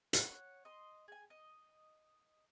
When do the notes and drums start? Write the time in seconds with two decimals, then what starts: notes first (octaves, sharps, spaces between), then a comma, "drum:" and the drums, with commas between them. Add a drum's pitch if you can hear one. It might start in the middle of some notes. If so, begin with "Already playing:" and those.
0.13 C#5 F#5, drum: hi-hat
0.65 D#5 C6
1.08 G#4 G#5
1.30 D#5